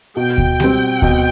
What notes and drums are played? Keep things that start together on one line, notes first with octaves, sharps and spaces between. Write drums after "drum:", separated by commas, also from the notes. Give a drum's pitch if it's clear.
B2 G5
drum: kick D2
G3 C4, drum: snare G#3
B2, drum: kick D2